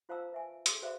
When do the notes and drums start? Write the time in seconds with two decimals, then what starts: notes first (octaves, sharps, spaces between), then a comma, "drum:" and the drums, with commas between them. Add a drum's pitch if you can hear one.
0.09 F4 C5 F5 A5 A#5 E6
0.32 B4 E5 G#5
0.66 G#4 A4 C6, drum: hi-hat
0.82 F#4 B4 C5 D5 E5 F5